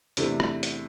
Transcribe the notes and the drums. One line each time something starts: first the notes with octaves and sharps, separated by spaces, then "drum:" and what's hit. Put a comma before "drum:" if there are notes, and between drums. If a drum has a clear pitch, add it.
E2 C3 E3 A3 D4, drum: hi-hat
drum: rim click
drum: hi-hat